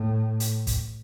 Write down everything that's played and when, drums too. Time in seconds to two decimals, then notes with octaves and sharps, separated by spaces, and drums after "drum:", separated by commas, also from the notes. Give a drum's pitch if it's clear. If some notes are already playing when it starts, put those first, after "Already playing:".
Already playing: A2
0.40 drum: hi-hat
0.67 drum: kick, hi-hat